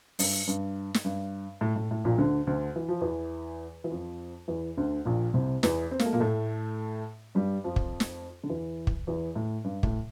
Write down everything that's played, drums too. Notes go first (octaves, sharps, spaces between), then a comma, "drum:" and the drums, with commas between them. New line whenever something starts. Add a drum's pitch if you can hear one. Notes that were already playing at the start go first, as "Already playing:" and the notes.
G2, drum: open hi-hat
G2
drum: snare
G2
A2
A2
A2
A#1 A#2
D2 D3
D2 D3
E3
F3
E2 E3
E3
F2 F3
E2 E3
D2 D3
A#1 A#2
C2 C3
E2 E3, drum: snare
C4
A#3, drum: snare
A3
A#2 A#3
A2 A3
G2 G3
F2 F3
drum: kick
drum: snare
D3
E2 E3
drum: kick
E2 E3
A2
G2
A2, drum: kick